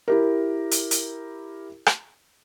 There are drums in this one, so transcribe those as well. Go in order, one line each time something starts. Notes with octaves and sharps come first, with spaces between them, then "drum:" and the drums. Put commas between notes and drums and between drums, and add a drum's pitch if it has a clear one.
E4 G4 A#4
drum: hi-hat
drum: hi-hat
drum: rim click